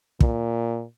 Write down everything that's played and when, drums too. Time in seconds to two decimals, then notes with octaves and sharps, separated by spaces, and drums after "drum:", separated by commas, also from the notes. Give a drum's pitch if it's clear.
0.20 A#2, drum: kick